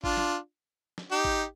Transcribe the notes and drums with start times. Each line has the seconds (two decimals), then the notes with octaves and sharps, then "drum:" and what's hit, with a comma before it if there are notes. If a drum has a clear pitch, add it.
0.04 D4 F4, drum: kick G#1
0.17 drum: snare
0.98 drum: snare
1.12 D#4 G4
1.25 drum: kick G#1